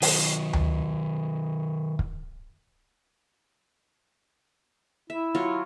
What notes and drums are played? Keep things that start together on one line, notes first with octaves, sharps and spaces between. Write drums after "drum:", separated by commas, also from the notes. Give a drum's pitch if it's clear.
D#3 F#3, drum: open hi-hat
drum: tom D2
drum: kick
E4 E5
F#3 F4 C#5